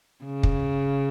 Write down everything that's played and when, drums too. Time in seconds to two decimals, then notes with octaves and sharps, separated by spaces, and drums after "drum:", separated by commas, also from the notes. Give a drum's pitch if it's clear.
0.24 C#3
0.43 drum: kick